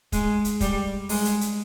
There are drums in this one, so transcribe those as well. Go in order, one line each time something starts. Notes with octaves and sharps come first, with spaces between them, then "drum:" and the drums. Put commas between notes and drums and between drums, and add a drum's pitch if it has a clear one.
G#3, drum: kick, hi-hat
drum: hi-hat
G3, drum: kick, hi-hat
G#3, drum: open hi-hat
drum: hi-hat
drum: hi-hat